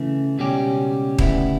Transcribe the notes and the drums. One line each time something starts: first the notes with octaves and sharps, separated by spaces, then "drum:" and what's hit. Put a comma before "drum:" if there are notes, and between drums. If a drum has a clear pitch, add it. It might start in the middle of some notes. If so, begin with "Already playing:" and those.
Already playing: C#3 E3 A3
C#2 B2 G3 C#4 G4
D2 C#3 G3 B3 E4, drum: kick D#1